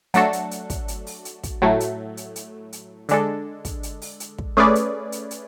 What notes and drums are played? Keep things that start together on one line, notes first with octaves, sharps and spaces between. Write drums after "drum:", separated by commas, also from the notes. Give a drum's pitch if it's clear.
F#3 A3 D4 F#4 A4, drum: hi-hat
drum: hi-hat
drum: hi-hat
drum: kick, hi-hat
drum: hi-hat
drum: open hi-hat
drum: hi-hat
drum: kick, hi-hat
A2 F#3 A3
drum: hi-hat
drum: hi-hat
drum: hi-hat
drum: hi-hat
D3 G#3 D4 A4, drum: hi-hat
drum: kick, hi-hat
drum: hi-hat
drum: open hi-hat
drum: hi-hat
drum: kick
A3 C#4 G#4 B4 D5
drum: hi-hat
drum: hi-hat
drum: hi-hat